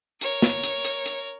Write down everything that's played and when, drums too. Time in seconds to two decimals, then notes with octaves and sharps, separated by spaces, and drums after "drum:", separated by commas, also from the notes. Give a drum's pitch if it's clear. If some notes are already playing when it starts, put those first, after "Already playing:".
0.21 A#4 C#5, drum: hi-hat
0.42 drum: snare
0.64 drum: hi-hat
0.85 drum: hi-hat
1.06 drum: hi-hat